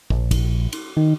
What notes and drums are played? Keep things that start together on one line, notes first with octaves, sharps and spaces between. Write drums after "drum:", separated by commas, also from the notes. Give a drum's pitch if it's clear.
A#1, drum: kick
drum: kick, cymbal
drum: cymbal
D#3